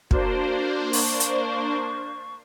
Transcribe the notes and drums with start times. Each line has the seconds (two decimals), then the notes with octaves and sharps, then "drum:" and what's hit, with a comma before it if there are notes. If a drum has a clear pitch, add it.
0.11 A#3 D4 F#4 C5, drum: kick
0.93 C#6, drum: open hi-hat
1.20 drum: hi-hat